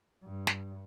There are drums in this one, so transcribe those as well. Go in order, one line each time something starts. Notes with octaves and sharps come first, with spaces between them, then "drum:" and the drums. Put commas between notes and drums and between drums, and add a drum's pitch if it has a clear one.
G2
drum: snare